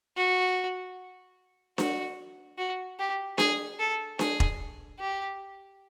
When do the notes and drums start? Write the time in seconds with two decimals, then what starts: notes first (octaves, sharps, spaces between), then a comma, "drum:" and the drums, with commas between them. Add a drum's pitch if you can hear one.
0.17 F#4
1.78 F#4, drum: snare D4
2.58 F#4
2.99 G4
3.38 G#4, drum: snare D4
3.79 A4
4.19 G#4, drum: snare D4
4.40 drum: kick E1
4.99 G4